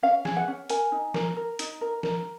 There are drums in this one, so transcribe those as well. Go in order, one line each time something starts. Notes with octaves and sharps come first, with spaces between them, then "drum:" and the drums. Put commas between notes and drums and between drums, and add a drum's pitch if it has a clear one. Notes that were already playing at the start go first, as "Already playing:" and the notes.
C#4 F5
G#4, drum: snare
F#5
C#4
A#4 G#5, drum: hi-hat
D#4
A#4, drum: snare
A#4
D#4, drum: hi-hat
A#4
A#4, drum: snare